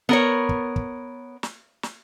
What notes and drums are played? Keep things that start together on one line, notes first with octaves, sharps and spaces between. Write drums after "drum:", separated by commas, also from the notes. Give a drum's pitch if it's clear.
B3 A#4 C#5
drum: kick
drum: kick
drum: snare
drum: snare